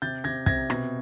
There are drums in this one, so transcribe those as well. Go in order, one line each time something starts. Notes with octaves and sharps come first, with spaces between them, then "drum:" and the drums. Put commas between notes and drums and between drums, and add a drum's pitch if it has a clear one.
C3 G6 A6
C3 G#6 A#6
C3 G#6 A#6, drum: kick
B2, drum: rim click